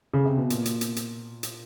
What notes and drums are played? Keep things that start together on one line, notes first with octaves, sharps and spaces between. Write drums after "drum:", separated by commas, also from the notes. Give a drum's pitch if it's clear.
C#3
C3
B2
A#2, drum: hi-hat
drum: hi-hat
drum: hi-hat
drum: hi-hat
drum: hi-hat